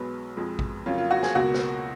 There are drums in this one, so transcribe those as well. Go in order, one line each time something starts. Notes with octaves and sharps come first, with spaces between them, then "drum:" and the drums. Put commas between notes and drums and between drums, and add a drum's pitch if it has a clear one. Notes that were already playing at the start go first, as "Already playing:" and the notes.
Already playing: B1 B2 G#3 B4
F2 F3 G#3
drum: kick A1
F2 C#3 F#3 A#3 F4
F4
F#4
G#4, drum: snare
C#2 B2 A#3 F#4
drum: snare